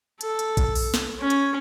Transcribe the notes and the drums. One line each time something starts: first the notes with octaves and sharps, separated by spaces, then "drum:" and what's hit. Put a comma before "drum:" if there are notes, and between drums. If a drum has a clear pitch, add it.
A4, drum: hi-hat
drum: hi-hat
drum: kick A#1, hi-hat
drum: open hi-hat
drum: snare
C#4
drum: hi-hat